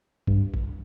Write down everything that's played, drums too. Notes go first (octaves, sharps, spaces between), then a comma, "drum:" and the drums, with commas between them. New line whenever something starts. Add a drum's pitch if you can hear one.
G2, drum: kick
drum: kick